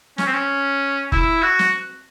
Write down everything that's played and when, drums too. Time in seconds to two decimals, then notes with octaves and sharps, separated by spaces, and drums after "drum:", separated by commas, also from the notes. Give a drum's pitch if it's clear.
0.18 C#4, drum: snare
0.27 C4
0.34 C#4
1.12 E4, drum: kick F1
1.43 F#4
1.59 drum: snare